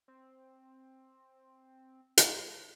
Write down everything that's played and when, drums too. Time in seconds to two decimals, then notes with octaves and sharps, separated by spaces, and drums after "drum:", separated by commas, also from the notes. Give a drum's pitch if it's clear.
0.08 C4
2.17 A#5, drum: hi-hat